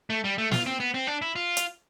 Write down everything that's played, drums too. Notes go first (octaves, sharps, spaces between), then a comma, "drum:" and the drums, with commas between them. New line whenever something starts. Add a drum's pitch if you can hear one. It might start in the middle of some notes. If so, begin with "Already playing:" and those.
A3
G3
A3
F4, drum: snare
C4
B3
C4
D4
E4
F4
drum: hi-hat